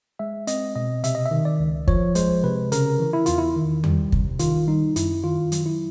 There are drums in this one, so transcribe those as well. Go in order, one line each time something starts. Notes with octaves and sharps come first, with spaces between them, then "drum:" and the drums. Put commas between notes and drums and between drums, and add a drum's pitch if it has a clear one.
G#3 E5
C4 D#5, drum: hi-hat
B2 D#5
C3 E5, drum: hi-hat
D#5
E5
D#3
D5
C#2
F3 C#5, drum: kick
G#3 C5, drum: hi-hat
C3 B4
C#3 A#4, drum: hi-hat
E3
E4
E2 F4, drum: hi-hat
E4
D#3
G3, drum: tom E2
C3, drum: kick
D#3 F4, drum: hi-hat
G3 D#4
F#2 E4, drum: hi-hat
D#3 F4
F#3, drum: hi-hat
E4